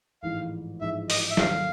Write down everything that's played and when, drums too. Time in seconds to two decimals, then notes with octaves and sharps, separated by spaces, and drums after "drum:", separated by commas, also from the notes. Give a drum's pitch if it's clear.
0.23 A1 G#2 F3 F5
0.81 A1 G#2 F3 E5
1.10 D#5, drum: open hi-hat
1.31 E5
1.37 D#2 D3 F#3 F5, drum: snare